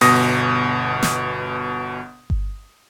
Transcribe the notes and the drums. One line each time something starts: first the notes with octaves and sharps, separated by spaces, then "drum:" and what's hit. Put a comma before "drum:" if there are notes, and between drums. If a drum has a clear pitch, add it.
G1 B2 D#6 A#6, drum: open hi-hat
drum: snare
drum: kick G1